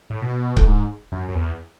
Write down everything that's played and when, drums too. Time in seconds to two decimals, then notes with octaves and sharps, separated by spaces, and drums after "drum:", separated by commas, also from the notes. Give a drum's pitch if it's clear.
0.10 A2
0.22 B2
0.57 A2, drum: kick C#1
0.67 G#2
1.12 F#2
1.28 F#2
1.35 E2